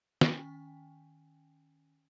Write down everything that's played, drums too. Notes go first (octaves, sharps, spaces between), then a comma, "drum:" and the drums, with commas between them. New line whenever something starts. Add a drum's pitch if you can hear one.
D#3 C#4 G5 G#5, drum: snare